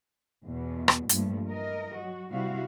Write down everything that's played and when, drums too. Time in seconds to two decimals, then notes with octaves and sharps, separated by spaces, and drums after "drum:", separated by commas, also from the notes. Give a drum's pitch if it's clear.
0.44 E2 B2
0.88 drum: rim click
1.09 G2 A#2 F3 A3, drum: hi-hat
1.49 E3 A#4 D#5
1.97 F#3 F#4
2.32 C3 G3 E4 F#4 F5